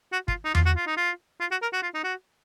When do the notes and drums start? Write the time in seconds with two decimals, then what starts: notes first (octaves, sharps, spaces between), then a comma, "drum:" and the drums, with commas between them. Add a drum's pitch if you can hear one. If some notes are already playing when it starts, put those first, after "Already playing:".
0.12 F#4
0.28 F4, drum: kick
0.45 D#4
0.55 F4, drum: tom E2
0.66 F#4
0.76 F4
0.87 D#4
0.97 F4
1.41 F4
1.51 F#4
1.62 A#4
1.73 F#4
1.83 F4
1.94 D#4
2.04 F#4